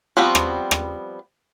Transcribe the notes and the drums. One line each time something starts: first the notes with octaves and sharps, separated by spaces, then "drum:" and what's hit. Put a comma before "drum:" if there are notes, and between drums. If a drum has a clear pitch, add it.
F3 G3 B3 C4 F#4
drum: rim click
drum: rim click